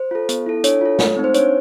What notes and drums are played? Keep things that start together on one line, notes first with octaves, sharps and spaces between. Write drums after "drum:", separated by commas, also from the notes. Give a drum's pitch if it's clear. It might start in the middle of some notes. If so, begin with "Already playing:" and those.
Already playing: C5
F4 A4
B3, drum: hi-hat
E4 A4
D4 C#5, drum: hi-hat
F4 A4
A3, drum: snare
C4 D#4
C5
D4 C#5, drum: hi-hat